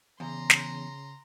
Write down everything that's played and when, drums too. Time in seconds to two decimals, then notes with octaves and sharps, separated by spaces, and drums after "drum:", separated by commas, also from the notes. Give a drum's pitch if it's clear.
0.20 E2 C#3 A#5 C6
0.50 drum: snare